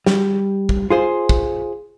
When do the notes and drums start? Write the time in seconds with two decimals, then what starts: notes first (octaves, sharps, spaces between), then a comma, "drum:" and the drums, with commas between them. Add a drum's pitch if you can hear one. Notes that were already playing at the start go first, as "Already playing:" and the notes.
0.06 G3, drum: snare
0.69 drum: kick
0.90 F4 G#4 C5
1.29 drum: kick